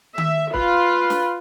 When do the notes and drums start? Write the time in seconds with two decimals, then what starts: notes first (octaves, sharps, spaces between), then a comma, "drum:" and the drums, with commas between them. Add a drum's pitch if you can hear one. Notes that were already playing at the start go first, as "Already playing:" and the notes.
0.18 E5, drum: tom D#3
0.54 F4 B4, drum: kick
1.10 drum: snare